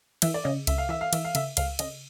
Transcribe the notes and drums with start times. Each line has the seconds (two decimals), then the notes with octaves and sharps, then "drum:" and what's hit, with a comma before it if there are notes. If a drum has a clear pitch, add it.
0.22 E3 E5, drum: cymbal
0.34 D5
0.44 C#3 D#5
0.67 C#2 E5, drum: cymbal
0.78 F5
0.89 E3 E5
1.01 F5
1.13 E3 E5, drum: cymbal
1.25 F5
1.35 C#3 E5, drum: cymbal
1.57 C#2 F5, drum: cymbal
1.79 C#3 D#5, drum: cymbal